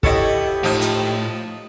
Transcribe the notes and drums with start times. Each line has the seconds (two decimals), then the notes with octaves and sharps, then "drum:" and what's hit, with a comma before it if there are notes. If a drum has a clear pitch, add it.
0.03 B3 E4 G4 A4 C#5 D#5, drum: kick
0.63 A2 F3 D#4 F4
0.81 drum: hi-hat